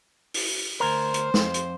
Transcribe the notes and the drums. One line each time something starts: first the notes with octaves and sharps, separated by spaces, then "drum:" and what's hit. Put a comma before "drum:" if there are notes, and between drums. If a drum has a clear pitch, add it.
drum: open hi-hat
D2 A#4 C5
drum: hi-hat
F2, drum: snare
drum: hi-hat